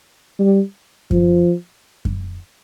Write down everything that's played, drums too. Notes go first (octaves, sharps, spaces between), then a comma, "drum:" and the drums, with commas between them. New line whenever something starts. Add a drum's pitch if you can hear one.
G3
F3, drum: kick F#2
drum: kick F#2